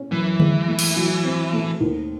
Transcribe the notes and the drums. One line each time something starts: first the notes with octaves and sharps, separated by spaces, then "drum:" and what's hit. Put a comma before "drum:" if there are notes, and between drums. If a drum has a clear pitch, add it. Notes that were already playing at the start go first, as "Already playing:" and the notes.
Already playing: C#4
F#2 E3
G#3, drum: tom D3
A3
drum: cymbal
F#3
C4
A3
D#2